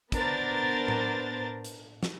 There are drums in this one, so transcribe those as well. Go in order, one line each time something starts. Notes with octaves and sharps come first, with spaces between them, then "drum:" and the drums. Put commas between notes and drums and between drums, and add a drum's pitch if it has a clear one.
B3 D4 A#4 C5 A6, drum: kick, hi-hat
drum: tom A2
drum: hi-hat
drum: snare